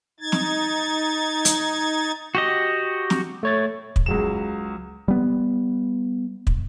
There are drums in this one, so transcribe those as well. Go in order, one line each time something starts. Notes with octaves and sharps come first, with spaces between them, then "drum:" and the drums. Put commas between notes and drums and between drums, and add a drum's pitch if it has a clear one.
D#4 G#6 A6
drum: snare
drum: hi-hat
F#4 G4 D#5
drum: snare
A3 C#5 A6
drum: kick
C#2 F#3 E7
G3 B3
drum: kick